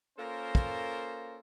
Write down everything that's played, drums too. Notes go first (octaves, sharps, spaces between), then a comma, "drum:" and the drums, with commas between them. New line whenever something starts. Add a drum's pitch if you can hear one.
A#3 C#4 F4 A4 A#4 C5
drum: kick